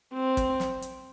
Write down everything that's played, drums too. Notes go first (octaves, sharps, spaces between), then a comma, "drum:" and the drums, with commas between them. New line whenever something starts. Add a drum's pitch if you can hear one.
C4
drum: kick, hi-hat
drum: snare
drum: hi-hat